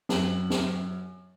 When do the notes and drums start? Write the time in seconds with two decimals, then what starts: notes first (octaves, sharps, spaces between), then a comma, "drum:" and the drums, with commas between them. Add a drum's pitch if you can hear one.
0.09 F#2 F#7, drum: snare
0.50 drum: snare